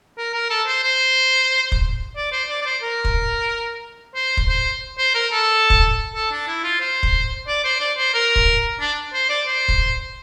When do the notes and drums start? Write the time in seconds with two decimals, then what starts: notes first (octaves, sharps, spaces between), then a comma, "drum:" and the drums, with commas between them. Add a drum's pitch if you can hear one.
0.17 A#4
0.34 A#4
0.50 A4
0.67 C5
0.83 C5
1.72 drum: kick
2.16 D5
2.32 C5
2.49 D5
2.61 D5
2.65 C5
2.82 A#4
3.05 drum: kick
4.15 C5
4.37 drum: kick
4.48 C5
4.98 C5
5.15 A#4
5.32 A4
5.70 drum: kick
6.15 A4
6.31 D4
6.47 E4
6.64 F4
6.80 C5
7.03 drum: kick
7.48 D5
7.64 C5
7.80 D5
7.98 C5
8.14 A#4
8.36 drum: kick
8.80 D4
9.13 C5
9.29 D5
9.47 C5
9.68 drum: kick